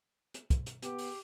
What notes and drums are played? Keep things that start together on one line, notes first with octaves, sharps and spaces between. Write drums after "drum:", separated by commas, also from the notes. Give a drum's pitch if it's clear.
drum: hi-hat
drum: kick, hi-hat
drum: hi-hat
B3 G4, drum: hi-hat
drum: open hi-hat